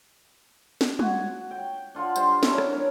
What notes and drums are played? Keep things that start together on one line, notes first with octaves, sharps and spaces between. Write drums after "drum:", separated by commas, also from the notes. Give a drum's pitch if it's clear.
drum: snare
F#4 G#5, drum: tom G3
G5
D4 F4 F#5 A5
G3 C5 C6, drum: tambourine
C#4 D4 E4 A#4, drum: snare
drum: rim click
D4 A#4 C#5